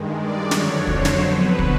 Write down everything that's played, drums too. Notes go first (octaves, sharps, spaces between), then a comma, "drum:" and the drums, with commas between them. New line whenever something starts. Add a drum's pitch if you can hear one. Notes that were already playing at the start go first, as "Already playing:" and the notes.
Already playing: G2 D#3 G#3
D5
F2 D3 F#3 C#5, drum: snare
C5, drum: kick
drum: snare
B2 F#3 B4
drum: kick